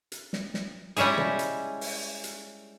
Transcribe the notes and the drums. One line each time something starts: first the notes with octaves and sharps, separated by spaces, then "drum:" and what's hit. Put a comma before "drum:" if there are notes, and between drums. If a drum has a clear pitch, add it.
drum: hi-hat
drum: snare
drum: snare
G3 G#3 C#4 E4 G#4, drum: hi-hat
drum: tom
drum: hi-hat
drum: open hi-hat
drum: hi-hat